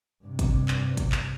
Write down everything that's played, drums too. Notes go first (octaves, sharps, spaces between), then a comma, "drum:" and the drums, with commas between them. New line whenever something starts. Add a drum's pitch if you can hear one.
G2 C3
drum: kick, hi-hat
drum: clap
drum: kick, hi-hat
drum: clap